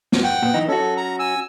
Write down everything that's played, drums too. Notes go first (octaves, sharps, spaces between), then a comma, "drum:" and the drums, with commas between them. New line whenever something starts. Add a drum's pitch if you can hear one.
drum: snare
F#5 G5
A#2 B3
E3 D#4
C#4 F#4 A4
A#5
G#5 E6